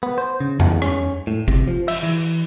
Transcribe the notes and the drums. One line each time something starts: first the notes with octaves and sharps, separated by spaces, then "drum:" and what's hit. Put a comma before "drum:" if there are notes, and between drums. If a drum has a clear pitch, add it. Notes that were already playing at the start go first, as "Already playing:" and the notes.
B3
C5
C#3
E2, drum: tom F2
C#4, drum: rim click
A2
C3, drum: kick G1
F3
E5, drum: cymbal
E3